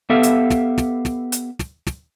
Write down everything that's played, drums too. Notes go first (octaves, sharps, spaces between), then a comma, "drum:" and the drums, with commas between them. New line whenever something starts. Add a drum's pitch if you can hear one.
B3 G4 A4 E5 F5
drum: hi-hat
drum: snare
drum: snare
drum: snare
drum: hi-hat
drum: snare
drum: snare